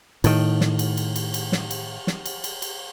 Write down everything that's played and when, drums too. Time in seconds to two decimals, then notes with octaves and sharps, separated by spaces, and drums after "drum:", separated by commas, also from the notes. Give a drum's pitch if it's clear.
0.24 A2 D#3, drum: cymbal
0.61 drum: snare
0.79 drum: cymbal
0.97 drum: cymbal
1.16 drum: cymbal
1.34 drum: cymbal
1.52 drum: snare
1.71 drum: cymbal
2.07 drum: snare
2.26 drum: cymbal
2.44 drum: cymbal
2.62 drum: cymbal